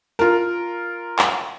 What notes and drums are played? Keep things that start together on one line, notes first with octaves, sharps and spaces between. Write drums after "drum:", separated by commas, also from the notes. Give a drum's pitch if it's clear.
F4 A#4
drum: clap